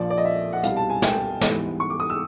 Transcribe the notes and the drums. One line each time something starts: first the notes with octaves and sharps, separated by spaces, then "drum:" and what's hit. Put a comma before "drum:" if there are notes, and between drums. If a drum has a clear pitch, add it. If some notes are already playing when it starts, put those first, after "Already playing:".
Already playing: A#1 A#2 F3 D5
D5
D#5
E5
F#5
C2 B2 G3 B3 F5, drum: hi-hat
A5
G#5
G5, drum: snare
G#2 E3 G3 B3, drum: snare
C#6
D6
D#6
E6